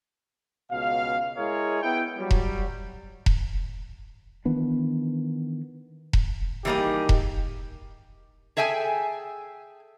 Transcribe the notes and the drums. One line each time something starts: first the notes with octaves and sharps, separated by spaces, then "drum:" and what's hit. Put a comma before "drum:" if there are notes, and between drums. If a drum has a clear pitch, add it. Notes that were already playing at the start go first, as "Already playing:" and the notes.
C#2 B2 F5
G#3 E4 G#4 A#4 C#5
B3 E4 G5
F#3 G3
drum: kick E1
drum: kick E1
D#3 E3 B3 D4
drum: kick E1
D#3 E3 G3 A#3 D#4 G4 G#4
drum: kick E1
G#4 A4 E5 G5 G#5